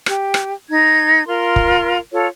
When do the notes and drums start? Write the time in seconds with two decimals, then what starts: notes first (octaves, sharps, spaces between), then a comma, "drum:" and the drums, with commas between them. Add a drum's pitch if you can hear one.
0.06 G4, drum: rim click
0.34 drum: rim click
0.69 D#4 G#6
1.27 F4 A#4 C6
1.56 drum: kick
2.12 F4 A4 C#5